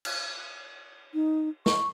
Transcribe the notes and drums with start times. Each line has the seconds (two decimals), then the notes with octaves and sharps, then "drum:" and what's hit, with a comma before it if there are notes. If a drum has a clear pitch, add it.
0.05 drum: cymbal
1.14 D#4
1.66 C#6, drum: snare